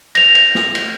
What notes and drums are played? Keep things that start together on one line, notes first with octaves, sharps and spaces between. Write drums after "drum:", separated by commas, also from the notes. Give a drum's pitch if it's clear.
A#6 F7, drum: cymbal
drum: cymbal
drum: snare
drum: cymbal